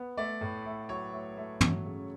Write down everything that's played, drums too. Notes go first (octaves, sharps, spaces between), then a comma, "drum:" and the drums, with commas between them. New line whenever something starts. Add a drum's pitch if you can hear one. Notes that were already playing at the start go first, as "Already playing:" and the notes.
Already playing: B3
A3 D5
A2
A3
F#3 C#5
A3
A3
F#3, drum: tom
C#3